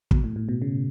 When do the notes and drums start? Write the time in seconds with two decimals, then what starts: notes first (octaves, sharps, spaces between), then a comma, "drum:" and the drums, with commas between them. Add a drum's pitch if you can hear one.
0.11 B2, drum: kick
0.24 A2
0.36 A2
0.49 B2
0.62 C#3